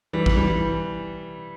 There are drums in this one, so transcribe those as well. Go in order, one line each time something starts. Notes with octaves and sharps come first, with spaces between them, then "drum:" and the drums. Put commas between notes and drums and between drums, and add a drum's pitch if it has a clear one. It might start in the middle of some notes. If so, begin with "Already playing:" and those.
E3 G3
drum: kick A1
E3 G3